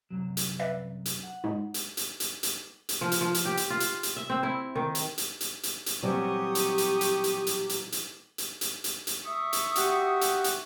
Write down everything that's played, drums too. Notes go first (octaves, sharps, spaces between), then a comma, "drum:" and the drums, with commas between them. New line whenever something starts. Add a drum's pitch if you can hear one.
C2 F#2 F#3
drum: hi-hat
B4 D5 E5
drum: hi-hat
F#5
G#2 G#3 D#4
drum: hi-hat
drum: hi-hat
drum: hi-hat
drum: hi-hat
drum: hi-hat
F3
drum: hi-hat
F3
drum: hi-hat
G4
drum: hi-hat
F4
drum: hi-hat
drum: hi-hat
E5
C4
E4
D#3
drum: hi-hat
drum: hi-hat
drum: hi-hat
drum: hi-hat
drum: hi-hat
A#2 E3 F#3 G3 C4 G4 C#6 D#6
drum: hi-hat
drum: hi-hat
drum: hi-hat
drum: hi-hat
drum: hi-hat
drum: hi-hat
drum: hi-hat
drum: hi-hat
drum: hi-hat
drum: hi-hat
drum: hi-hat
E5 C#6 D#6
drum: hi-hat
F#4 G4, drum: hi-hat
drum: hi-hat
drum: hi-hat